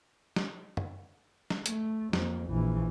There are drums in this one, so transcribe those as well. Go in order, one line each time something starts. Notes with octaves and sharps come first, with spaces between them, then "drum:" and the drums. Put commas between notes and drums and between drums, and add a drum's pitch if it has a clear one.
drum: snare
drum: tom
drum: snare
A3, drum: hi-hat
F2 A#3, drum: snare
A#1 E3